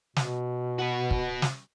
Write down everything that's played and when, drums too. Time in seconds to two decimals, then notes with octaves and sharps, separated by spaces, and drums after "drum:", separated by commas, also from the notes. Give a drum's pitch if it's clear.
0.16 B2, drum: snare
0.78 F#4 B4
1.11 drum: kick
1.42 drum: snare